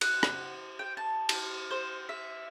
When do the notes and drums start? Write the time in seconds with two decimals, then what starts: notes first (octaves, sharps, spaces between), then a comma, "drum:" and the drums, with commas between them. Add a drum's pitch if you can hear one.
0.01 F#5, drum: cymbal
0.23 drum: rim click
0.79 G5
0.97 A5
1.29 drum: cymbal
1.71 C5
2.09 E5